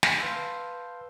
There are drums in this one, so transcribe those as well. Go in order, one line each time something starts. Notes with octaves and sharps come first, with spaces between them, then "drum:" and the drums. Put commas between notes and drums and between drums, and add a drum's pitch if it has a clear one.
drum: snare
B4 F5 A5 C6 E6 G6